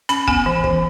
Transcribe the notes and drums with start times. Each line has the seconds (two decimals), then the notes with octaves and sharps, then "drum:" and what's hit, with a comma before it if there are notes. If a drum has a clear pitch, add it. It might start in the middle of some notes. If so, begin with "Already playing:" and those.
0.09 C#4 B5, drum: hi-hat
0.28 B3 G#5, drum: kick
0.46 E3
0.64 E3, drum: kick